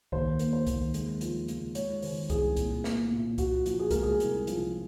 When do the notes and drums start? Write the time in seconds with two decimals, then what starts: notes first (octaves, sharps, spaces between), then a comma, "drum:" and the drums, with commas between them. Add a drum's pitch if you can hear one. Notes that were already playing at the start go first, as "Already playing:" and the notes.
0.12 D#2 C5, drum: kick C2
0.39 A#3, drum: hi-hat
0.53 C5
0.67 D#2, drum: kick C2, hi-hat
0.94 G#3, drum: hi-hat
1.21 F3, drum: hi-hat
1.48 C#2, drum: hi-hat
1.75 G#3 C#5, drum: hi-hat
2.02 D#3 C5, drum: open hi-hat
2.30 C2 G#4, drum: kick C2, hi-hat
2.57 A#2, drum: kick C2, hi-hat
2.84 A#3, drum: snare
3.11 A#2
3.38 A#3 F#4, drum: kick C2, hi-hat
3.66 F3, drum: hi-hat
3.79 G#4
3.91 C#2 A#4, drum: kick C2, hi-hat
4.03 G#4
4.20 C2, drum: hi-hat
4.47 F3, drum: hi-hat